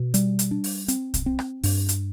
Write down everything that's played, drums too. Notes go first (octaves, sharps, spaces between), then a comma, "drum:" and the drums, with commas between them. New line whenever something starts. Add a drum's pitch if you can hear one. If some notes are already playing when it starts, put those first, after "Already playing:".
Already playing: B2
G3, drum: hi-hat
drum: hi-hat
D4
drum: open hi-hat
C4, drum: hi-hat
drum: kick, hi-hat
C4
drum: rim click
G2, drum: open hi-hat
drum: hi-hat